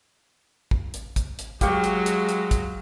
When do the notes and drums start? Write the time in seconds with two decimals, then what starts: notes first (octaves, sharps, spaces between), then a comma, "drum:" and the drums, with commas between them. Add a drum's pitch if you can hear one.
0.71 drum: kick
0.94 drum: hi-hat
1.16 drum: kick, hi-hat
1.39 drum: hi-hat
1.61 F#3 G#3 G4 F5 C#6, drum: kick, hi-hat
1.84 drum: hi-hat
2.06 drum: hi-hat
2.29 drum: hi-hat
2.51 drum: kick, hi-hat